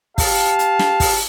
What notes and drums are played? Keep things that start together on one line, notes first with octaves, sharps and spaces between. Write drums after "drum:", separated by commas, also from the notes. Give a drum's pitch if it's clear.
G4 F5 A5, drum: kick, open hi-hat
drum: hi-hat
drum: snare
drum: kick, open hi-hat